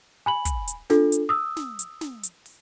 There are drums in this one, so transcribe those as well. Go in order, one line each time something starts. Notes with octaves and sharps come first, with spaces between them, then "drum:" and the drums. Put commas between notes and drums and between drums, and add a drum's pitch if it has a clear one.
G#5 B5 F#7
drum: kick, hi-hat
drum: hi-hat
D4 F4 A4, drum: snare
drum: hi-hat
D#6 E6
drum: snare
drum: hi-hat
drum: snare
drum: hi-hat
drum: open hi-hat